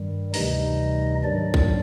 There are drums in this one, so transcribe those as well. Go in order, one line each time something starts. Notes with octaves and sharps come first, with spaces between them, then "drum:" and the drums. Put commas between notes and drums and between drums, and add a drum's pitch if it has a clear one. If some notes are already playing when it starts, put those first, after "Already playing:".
Already playing: G2 D#3 G3
D2 C3 E3 G3 D#4 D#5, drum: open hi-hat
G#2 D#3 F#3 D4 D5
drum: kick A#1